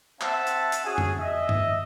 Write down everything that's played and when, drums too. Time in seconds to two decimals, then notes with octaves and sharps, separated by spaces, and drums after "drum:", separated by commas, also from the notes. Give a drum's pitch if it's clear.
0.21 C4 C5 E5 F#5 A5, drum: clap
0.47 drum: hi-hat
0.72 drum: hi-hat
0.84 C#4 F#4 G#4
0.98 drum: tom F2
1.20 D#5 E5
1.49 drum: tom G2